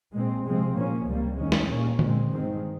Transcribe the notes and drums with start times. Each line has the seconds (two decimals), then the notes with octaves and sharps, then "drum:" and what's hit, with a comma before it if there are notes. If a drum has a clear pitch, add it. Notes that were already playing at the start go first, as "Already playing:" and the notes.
0.13 A#2 G#3 C4
0.44 C3 F3 G#3 C4
0.75 A#2 F3 A#3 C#4
1.05 C#2 C3 G3 A#3
1.37 D#2 D#3 G#3 C#4
1.52 drum: snare
1.68 A#2 G3 A#3 C#4
1.99 A#2 G#3 C4, drum: tom D3
2.29 G2 D#3 G#3 C4